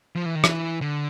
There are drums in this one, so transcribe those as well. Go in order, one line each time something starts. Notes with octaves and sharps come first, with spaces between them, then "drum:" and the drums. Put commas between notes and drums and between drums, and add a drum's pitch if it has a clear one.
F3
E3
D#3
E3, drum: rim click
D3